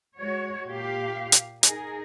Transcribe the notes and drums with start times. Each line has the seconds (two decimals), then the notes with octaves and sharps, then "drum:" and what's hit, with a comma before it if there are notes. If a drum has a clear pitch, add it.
0.18 G#3 F#4 C#5
0.69 A#2 G4 F5
1.32 drum: hi-hat
1.63 D#4 G#4 A#4, drum: hi-hat